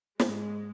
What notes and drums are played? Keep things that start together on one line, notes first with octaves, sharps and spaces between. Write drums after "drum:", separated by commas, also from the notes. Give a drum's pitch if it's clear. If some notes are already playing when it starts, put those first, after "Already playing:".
G#2 G#3, drum: snare